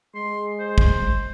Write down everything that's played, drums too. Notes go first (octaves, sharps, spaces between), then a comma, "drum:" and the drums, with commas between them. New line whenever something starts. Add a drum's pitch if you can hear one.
G#3 C6
C5
drum: kick